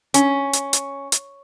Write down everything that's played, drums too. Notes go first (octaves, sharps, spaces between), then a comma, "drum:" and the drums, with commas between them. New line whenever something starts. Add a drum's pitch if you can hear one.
C#4, drum: hi-hat
drum: hi-hat
drum: hi-hat
drum: hi-hat